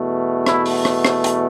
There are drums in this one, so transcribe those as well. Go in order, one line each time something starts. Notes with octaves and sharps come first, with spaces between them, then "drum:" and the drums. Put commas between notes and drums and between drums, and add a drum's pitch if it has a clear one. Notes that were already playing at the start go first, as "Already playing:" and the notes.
Already playing: E2 B2 A3
E4, drum: rim click
drum: open hi-hat
drum: rim click
drum: rim click
drum: hi-hat